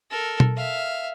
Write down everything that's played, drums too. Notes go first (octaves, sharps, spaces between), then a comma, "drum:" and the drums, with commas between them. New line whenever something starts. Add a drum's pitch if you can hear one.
A4 A#4
drum: tom B2
E5 F5